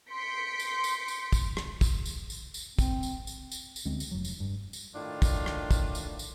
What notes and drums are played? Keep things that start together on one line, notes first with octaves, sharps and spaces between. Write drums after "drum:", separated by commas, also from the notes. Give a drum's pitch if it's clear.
C6 G6 B6 C#7 D7
drum: tambourine
drum: tambourine
drum: tambourine
drum: kick, tambourine
drum: rim click
drum: kick, tambourine
drum: tambourine
drum: tambourine
drum: tambourine
C4, drum: kick, tambourine
drum: tambourine
drum: tambourine
drum: tambourine
drum: tambourine
D2 G#3 B3 C4
drum: tambourine
F1 F#3
drum: tambourine
G2
drum: tambourine
A2 D#3 D4 F4
drum: kick, tambourine
drum: rim click
drum: kick, tambourine
drum: tambourine
drum: tambourine